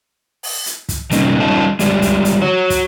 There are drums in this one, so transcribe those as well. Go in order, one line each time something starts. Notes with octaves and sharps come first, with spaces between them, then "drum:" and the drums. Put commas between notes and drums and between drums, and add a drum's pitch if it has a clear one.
drum: open hi-hat
drum: hi-hat
drum: kick, hi-hat
C3 G3 A#3 C#4 D#4, drum: hi-hat
G3 C#4 D#4 F4 A4
D3 G3 G#3, drum: hi-hat
drum: kick, hi-hat
drum: hi-hat
F#4 C#5
drum: kick, hi-hat